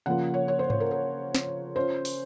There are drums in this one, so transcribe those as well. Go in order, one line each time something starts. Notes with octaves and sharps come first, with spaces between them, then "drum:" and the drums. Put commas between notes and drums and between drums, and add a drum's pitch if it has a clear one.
C#3 F3 A#3 F4 F#5
C#5
C#5
C5
C5, drum: tom G#2
A#4
A#4
drum: snare
C#4 F4 C5
drum: open hi-hat